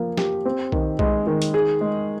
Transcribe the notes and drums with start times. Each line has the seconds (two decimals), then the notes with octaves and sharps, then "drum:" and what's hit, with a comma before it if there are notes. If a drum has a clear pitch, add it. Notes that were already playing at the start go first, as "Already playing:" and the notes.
Already playing: F3 A#3
0.18 G4, drum: snare
0.45 C4
0.72 D#3, drum: kick B1
0.99 G#3, drum: kick B1
1.27 D#3
1.42 drum: hi-hat
1.54 G#4
1.81 G#3